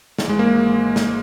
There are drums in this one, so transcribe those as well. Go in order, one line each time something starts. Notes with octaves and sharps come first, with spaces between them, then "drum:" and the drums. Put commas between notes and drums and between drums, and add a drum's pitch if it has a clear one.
G#1 G#2 E3, drum: snare
G#3
A#3
drum: snare